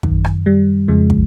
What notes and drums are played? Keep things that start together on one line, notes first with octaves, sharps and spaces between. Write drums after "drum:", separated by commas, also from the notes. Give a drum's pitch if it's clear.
F#2 D#3, drum: kick
drum: rim click
G3
F2 C#3 F3 G#3
drum: kick